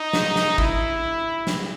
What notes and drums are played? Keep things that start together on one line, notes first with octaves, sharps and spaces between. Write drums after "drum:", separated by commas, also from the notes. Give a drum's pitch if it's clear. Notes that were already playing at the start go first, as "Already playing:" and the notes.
Already playing: D#4
drum: snare
drum: snare
E4, drum: kick G#1
drum: snare